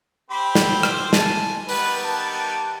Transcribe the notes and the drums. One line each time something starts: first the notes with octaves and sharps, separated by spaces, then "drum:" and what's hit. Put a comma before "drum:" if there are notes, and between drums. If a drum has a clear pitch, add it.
C4 G4 C5 B5
drum: snare
drum: rim click
G#5 A5, drum: snare
D#3 G3 B3 B4, drum: open hi-hat
A5